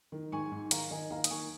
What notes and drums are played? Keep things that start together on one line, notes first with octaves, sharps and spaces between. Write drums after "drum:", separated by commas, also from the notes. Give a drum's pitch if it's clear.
D#3
G#2 G#5 C#6
G#2
D#3 F5 A#5, drum: hi-hat
D#3 D#5 G#5
D#2 F5 A#5
D#6, drum: hi-hat
D#3 G#5 C#6